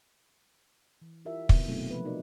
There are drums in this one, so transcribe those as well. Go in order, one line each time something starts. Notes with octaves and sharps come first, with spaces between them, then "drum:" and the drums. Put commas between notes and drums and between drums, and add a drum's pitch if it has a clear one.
E3
E4 F4 G4 A#4 E5
C3 D#3 B3, drum: kick
B2 F#3 A3 C4 D#4 F4
F3 A#3 B4
D#4 F#4 A#4 D5